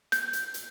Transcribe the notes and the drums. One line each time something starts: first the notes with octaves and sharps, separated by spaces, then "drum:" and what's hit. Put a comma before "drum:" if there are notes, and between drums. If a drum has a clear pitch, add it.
G6, drum: hi-hat
drum: hi-hat
drum: hi-hat